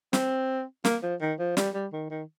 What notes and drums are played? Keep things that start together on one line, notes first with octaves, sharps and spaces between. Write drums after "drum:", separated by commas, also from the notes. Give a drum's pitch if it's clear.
C4, drum: snare
A#3, drum: snare
F3
D#3
F3
G3, drum: snare
G3
D#3
D#3